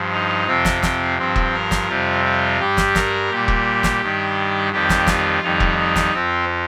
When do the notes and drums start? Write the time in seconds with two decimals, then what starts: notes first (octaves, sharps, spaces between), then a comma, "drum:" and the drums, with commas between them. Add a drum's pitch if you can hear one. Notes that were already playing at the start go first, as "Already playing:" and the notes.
Already playing: G2 F3
0.12 D#4
0.47 F2 C3 F3 C4
0.65 drum: snare
0.83 C4, drum: snare
1.18 G2 F3 C4
1.36 drum: kick E1
1.54 A#4
1.71 drum: snare
1.89 F2 C3 G3 F4
2.24 F4
2.59 G2 G3 G4
2.77 drum: snare
2.95 A#4, drum: snare
3.30 A#2 G3 G4
3.48 drum: kick E1
3.83 drum: snare
4.01 G2 D#3 G3
4.72 F2 D#3 G3 G4
4.89 drum: snare
5.07 F4, drum: snare
5.42 F2 D#3 G3 D#4
5.60 drum: kick E1
5.78 D#4
5.96 drum: snare
6.13 F2 F3 C4